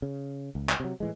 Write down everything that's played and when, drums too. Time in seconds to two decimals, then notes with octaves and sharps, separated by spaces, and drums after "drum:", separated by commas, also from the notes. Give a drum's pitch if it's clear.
0.02 C#3
0.55 C#2
0.69 drum: clap
0.80 C3 F#3
1.00 A2 E3 G#3